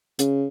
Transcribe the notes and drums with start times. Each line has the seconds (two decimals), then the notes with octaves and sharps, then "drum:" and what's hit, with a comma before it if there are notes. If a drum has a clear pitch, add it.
0.19 C#3, drum: hi-hat